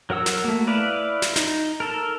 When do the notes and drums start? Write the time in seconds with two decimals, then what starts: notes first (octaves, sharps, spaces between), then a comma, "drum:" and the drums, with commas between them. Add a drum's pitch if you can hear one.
0.10 F#3 A#4 F#5 E6
0.26 drum: snare
0.44 A3 A#3
0.67 E4 B4 D5 F5
1.22 drum: snare
1.36 D#4, drum: snare
1.80 A4 A#4